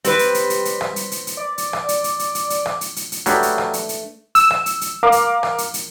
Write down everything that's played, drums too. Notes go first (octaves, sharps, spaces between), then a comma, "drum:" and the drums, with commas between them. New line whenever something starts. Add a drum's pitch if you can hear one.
G3 C4 B4, drum: hi-hat
drum: hi-hat
drum: hi-hat
drum: hi-hat
drum: hi-hat
drum: rim click
drum: hi-hat
drum: hi-hat
drum: hi-hat
D5
drum: hi-hat
drum: rim click
drum: hi-hat
drum: hi-hat
drum: hi-hat
drum: hi-hat
drum: hi-hat
drum: rim click
drum: hi-hat
drum: hi-hat
drum: hi-hat
F#3 G3 A3 D4 B4, drum: hi-hat
drum: hi-hat
drum: rim click
drum: hi-hat
drum: hi-hat
E6, drum: hi-hat
drum: rim click
drum: hi-hat
drum: hi-hat
A#4 F5 D6
drum: hi-hat
drum: rim click
drum: hi-hat
drum: hi-hat